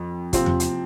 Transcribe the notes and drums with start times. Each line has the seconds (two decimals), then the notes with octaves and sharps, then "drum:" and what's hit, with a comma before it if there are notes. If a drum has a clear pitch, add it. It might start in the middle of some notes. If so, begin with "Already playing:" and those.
Already playing: F2
0.33 C3 F3 C4, drum: kick, hi-hat
0.46 drum: tom E2
0.60 drum: hi-hat